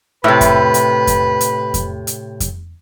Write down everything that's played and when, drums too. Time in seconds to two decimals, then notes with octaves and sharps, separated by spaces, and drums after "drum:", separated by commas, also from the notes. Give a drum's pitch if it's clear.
0.24 A2 C3 B4
0.41 drum: kick F2, hi-hat
0.74 drum: hi-hat
1.07 drum: kick F2, hi-hat
1.41 drum: hi-hat
1.74 drum: kick F2, hi-hat
2.07 drum: hi-hat
2.40 drum: kick F2, hi-hat